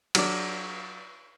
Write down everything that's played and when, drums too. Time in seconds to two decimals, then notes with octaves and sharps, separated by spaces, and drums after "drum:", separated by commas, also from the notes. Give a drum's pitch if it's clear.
0.15 F#3 D4 D5, drum: cymbal